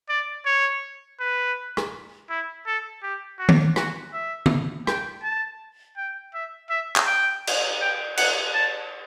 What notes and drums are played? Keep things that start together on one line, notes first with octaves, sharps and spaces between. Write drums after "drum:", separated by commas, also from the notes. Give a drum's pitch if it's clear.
D5
C#5
B4
drum: rim click
E4
A4
G4
F#4
drum: tom D#3
F#4, drum: rim click
E5
drum: tom D3
G5, drum: rim click
A5
G5
E5
E5
drum: clap
G5
drum: cymbal
G5
F#5, drum: cymbal
A5